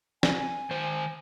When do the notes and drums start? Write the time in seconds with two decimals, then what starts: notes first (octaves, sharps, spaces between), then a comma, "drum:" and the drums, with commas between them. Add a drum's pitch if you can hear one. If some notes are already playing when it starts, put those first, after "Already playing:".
0.23 G#5, drum: snare
0.71 D#3 C5